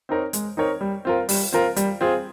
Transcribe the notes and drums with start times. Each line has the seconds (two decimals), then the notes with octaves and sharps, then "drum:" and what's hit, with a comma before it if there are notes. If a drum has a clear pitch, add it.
0.09 C4 D#4 A#4 C#5
0.33 G#3, drum: hi-hat
0.57 C4 D#4 A#4 C#5
0.81 G3
1.05 C4 F4 A#4
1.29 G3, drum: open hi-hat
1.52 C4 F4 A#4
1.76 G3, drum: hi-hat
2.01 C4 F4 G#4